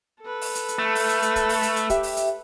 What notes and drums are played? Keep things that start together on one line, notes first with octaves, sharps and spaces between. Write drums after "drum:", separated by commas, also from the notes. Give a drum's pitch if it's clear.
A4 B4
drum: open hi-hat
drum: hi-hat
drum: hi-hat
A3
drum: open hi-hat
drum: hi-hat
drum: hi-hat
drum: kick, hi-hat
drum: open hi-hat
drum: hi-hat
drum: hi-hat
G4 E5, drum: kick, hi-hat
drum: open hi-hat
drum: hi-hat